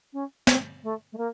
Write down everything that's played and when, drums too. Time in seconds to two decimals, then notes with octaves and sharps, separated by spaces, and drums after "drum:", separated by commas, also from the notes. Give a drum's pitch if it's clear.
0.13 C#4
0.47 C4, drum: snare
0.83 A3
1.12 A3
1.17 A#3